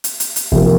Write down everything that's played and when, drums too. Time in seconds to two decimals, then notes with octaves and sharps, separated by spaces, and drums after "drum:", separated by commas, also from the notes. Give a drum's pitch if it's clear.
0.04 drum: hi-hat
0.20 drum: hi-hat
0.36 drum: hi-hat
0.52 C3 F3 A#3, drum: kick